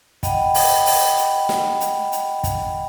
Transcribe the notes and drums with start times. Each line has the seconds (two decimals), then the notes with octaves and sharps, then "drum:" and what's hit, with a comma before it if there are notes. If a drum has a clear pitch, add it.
0.23 D#5 F#5 G5 B5, drum: kick, hi-hat
0.54 drum: open hi-hat
0.86 drum: open hi-hat
1.17 drum: hi-hat
1.49 drum: snare
1.81 drum: hi-hat
2.12 drum: hi-hat
2.44 drum: kick, hi-hat